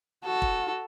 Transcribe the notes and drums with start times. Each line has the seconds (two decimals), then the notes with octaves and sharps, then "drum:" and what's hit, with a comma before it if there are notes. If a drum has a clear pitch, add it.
0.24 F#4 A4
0.42 drum: kick